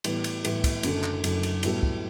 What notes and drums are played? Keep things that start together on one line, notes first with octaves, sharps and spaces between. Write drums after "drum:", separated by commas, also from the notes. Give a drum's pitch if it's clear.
A2 E3 G3 B3, drum: cymbal
drum: cymbal
A2 E3 G3 B3, drum: cymbal
drum: kick, cymbal
F#1 F#2 D3 A3, drum: cymbal
drum: clap
F#1 F#2 D3 A3, drum: cymbal
drum: cymbal
A2 G3 B3 F#4 A4, drum: cymbal
drum: kick